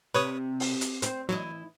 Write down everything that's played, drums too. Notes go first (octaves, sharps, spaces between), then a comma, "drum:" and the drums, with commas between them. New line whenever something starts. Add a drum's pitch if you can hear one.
C3 B4 C#5 D#6
drum: open hi-hat
drum: hi-hat
C4 C5, drum: hi-hat
E3 F#3 E4 D#5